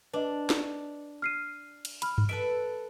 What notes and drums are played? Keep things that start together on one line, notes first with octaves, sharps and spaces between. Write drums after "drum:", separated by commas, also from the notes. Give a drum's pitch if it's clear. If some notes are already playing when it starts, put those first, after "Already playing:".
D4 B4 D#5
drum: snare
F6 C7 D#7
drum: cymbal
B5 F6, drum: cymbal
drum: tom G2
A4 B4 E5 D7